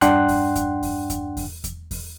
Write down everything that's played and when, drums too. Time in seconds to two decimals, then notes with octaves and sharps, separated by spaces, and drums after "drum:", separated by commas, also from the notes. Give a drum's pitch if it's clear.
0.01 G2 D4 F#5 G5 C6 F#6, drum: kick E2, hi-hat
0.28 drum: kick E2, open hi-hat
0.55 drum: kick E2, hi-hat
0.83 drum: kick E2, open hi-hat
1.10 drum: kick E2, hi-hat
1.37 drum: kick E2, open hi-hat
1.64 drum: kick E2, hi-hat
1.91 drum: kick E2, open hi-hat